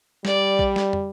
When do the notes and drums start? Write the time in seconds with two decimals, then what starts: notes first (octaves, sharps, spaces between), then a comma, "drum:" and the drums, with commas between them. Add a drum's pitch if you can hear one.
0.25 G3 D5, drum: snare
0.59 drum: kick
0.76 drum: snare
0.93 drum: tom